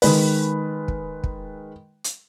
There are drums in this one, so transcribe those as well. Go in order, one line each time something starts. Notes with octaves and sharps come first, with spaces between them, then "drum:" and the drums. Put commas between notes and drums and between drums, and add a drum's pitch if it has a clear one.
D#3 G#3 B4, drum: open hi-hat
drum: kick
drum: kick
drum: hi-hat